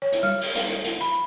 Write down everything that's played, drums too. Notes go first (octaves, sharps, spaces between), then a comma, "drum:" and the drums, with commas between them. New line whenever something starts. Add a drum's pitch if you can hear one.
C#5
drum: hi-hat
G3
drum: open hi-hat
F5, drum: hi-hat
drum: hi-hat
drum: hi-hat
B5